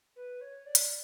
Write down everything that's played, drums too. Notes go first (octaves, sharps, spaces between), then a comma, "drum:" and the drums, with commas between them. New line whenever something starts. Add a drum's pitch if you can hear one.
B4
C#5
D5
drum: hi-hat